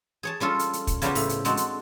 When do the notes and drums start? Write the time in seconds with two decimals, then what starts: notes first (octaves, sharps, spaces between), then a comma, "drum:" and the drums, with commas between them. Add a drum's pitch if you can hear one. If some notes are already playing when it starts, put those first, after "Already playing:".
0.23 G#4 C#5 A5
0.40 G3 C#4 F4 A4
0.59 drum: hi-hat
0.73 drum: hi-hat
0.87 drum: kick, hi-hat
1.02 C#3 F3 G3 B3 C#4 G4, drum: hi-hat
1.15 A2, drum: open hi-hat
1.29 drum: hi-hat
1.45 G#3 C4 D4 F#4, drum: hi-hat
1.57 drum: hi-hat